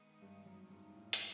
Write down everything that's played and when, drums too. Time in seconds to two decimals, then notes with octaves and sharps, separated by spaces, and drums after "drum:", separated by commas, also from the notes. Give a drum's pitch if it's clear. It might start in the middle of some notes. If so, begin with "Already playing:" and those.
Already playing: D#3 G#3 B3 D#4
0.22 G2
0.46 F#2
0.70 G#2
0.95 A2
1.13 drum: hi-hat